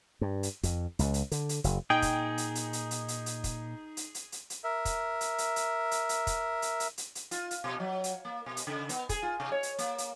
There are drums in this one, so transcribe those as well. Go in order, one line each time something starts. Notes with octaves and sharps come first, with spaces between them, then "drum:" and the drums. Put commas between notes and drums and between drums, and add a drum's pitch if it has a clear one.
G2
drum: hi-hat
F2, drum: kick, hi-hat
C#2, drum: hi-hat
drum: hi-hat
D3, drum: hi-hat
drum: hi-hat
F#1, drum: hi-hat
A#2 D#4 G#4 G5
drum: kick, hi-hat
drum: hi-hat
drum: hi-hat
drum: hi-hat
drum: hi-hat
drum: hi-hat
drum: hi-hat
drum: kick, hi-hat
drum: hi-hat
drum: hi-hat
drum: hi-hat
drum: hi-hat
A#4 E5
drum: kick, hi-hat
drum: hi-hat
drum: hi-hat
drum: hi-hat
drum: hi-hat
drum: hi-hat
drum: kick, hi-hat
drum: hi-hat
drum: hi-hat
drum: hi-hat
drum: hi-hat
F4, drum: hi-hat
drum: hi-hat
B2
F#3
drum: hi-hat
A#3
B2
drum: hi-hat
C#3
B3, drum: hi-hat
G#4, drum: kick, hi-hat
F4
C3
C#5
drum: hi-hat
A#3, drum: hi-hat
drum: hi-hat